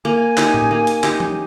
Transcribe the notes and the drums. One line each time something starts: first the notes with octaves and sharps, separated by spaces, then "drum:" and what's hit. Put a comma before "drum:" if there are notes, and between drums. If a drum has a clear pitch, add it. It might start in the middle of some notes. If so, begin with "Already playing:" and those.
A#3 G#5
D#4 G4, drum: clap
drum: tom A2
A#3
drum: hi-hat
D#4 G4, drum: clap
drum: tom E3